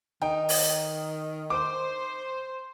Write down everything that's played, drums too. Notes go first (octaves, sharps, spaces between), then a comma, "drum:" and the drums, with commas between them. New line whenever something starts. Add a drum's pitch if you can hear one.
D#3 D#4 G5
drum: open hi-hat
C5 D6